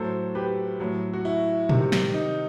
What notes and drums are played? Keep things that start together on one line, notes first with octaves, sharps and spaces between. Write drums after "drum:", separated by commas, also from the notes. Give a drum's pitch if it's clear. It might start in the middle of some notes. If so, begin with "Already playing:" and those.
Already playing: A2 F#3 A4 C5
G4 B4
A2 F#3
F#4
E4
C3 D#3 G3, drum: tom
drum: snare
D#4